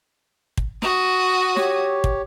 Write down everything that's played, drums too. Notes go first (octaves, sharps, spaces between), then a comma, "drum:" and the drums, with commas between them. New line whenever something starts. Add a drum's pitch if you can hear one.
drum: kick
F#4 D#6, drum: snare
G4 C#5, drum: snare
drum: kick